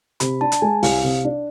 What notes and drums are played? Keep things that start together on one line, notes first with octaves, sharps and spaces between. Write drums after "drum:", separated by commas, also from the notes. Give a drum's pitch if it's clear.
C3 B5, drum: hi-hat
D4 A5
drum: hi-hat
G#3 G#5
C2 F5, drum: open hi-hat
C3
D4